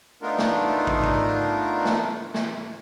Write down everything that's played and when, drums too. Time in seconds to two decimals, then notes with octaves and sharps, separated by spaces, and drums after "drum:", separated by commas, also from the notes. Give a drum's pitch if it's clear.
0.22 A3 B3 D4 D#4 F4 A#4
0.38 drum: snare
0.87 drum: kick
1.04 drum: kick
1.85 drum: snare
2.34 drum: snare